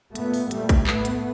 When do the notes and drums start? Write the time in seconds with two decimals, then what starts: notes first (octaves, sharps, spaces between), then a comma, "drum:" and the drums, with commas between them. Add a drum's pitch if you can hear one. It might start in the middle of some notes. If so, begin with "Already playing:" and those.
0.15 A#2 A3 B3, drum: hi-hat
0.34 drum: open hi-hat
0.51 A#2 G3 A3, drum: hi-hat
0.69 drum: kick, hi-hat
0.87 A2 A3 B3, drum: clap
1.05 drum: hi-hat